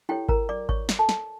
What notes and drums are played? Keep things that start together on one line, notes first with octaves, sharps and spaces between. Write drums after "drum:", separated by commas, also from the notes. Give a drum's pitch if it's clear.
E4 G4 A4 C#5 G5
A#4 A#5, drum: kick G#1
D5 D6
C#5 C#6, drum: kick G#1
drum: snare
A4 A5
drum: snare